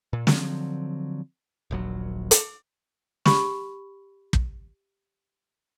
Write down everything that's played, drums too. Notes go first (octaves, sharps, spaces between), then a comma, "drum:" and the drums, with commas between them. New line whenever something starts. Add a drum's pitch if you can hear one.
A#2
D3 F3 F#3 C4, drum: snare
D#1 A#1 F#3
drum: hi-hat
G4 B5 C#6, drum: snare
drum: kick